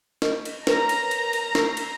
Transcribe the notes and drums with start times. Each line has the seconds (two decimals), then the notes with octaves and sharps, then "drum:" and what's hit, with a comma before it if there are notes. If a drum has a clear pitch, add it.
0.22 D#5, drum: snare
0.45 drum: cymbal
0.67 A#4 B4 C#5 A#5, drum: snare
0.89 drum: cymbal
1.11 drum: cymbal
1.33 drum: cymbal
1.55 E6 C7, drum: snare
1.77 drum: cymbal